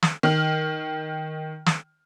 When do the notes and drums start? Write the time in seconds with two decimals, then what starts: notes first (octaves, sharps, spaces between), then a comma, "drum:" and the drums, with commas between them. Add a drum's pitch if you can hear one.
0.02 drum: snare
0.23 D#3 F6
1.66 drum: snare